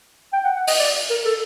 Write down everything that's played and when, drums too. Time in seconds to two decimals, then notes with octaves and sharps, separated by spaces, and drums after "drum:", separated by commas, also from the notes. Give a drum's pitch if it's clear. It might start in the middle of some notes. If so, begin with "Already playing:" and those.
0.33 G5
0.44 F#5
0.56 F#5
0.67 D#5, drum: open hi-hat
0.79 D5
1.10 A#4
1.25 A4